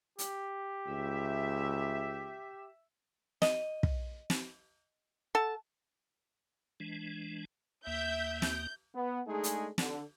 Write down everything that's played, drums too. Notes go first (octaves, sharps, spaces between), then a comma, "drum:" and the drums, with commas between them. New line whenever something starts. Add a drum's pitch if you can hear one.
G4, drum: hi-hat
C#2 E5
D#5, drum: snare
drum: kick
drum: snare
A4 F#5 A5
E3 G#3 D4
D#2 A#3 E5 G6
G6, drum: snare
B3
G#3 A3 D4 D#4 G#4
drum: hi-hat
D3, drum: snare